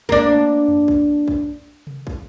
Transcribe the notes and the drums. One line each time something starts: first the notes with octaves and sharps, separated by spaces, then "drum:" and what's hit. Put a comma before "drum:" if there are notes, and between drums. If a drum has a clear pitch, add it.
A#3 D4, drum: kick
drum: tom F2
drum: kick
drum: kick
drum: tom C3
drum: kick